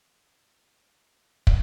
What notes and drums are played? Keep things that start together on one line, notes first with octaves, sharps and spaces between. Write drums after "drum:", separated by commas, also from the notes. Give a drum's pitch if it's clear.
C#4
A3
B3
drum: kick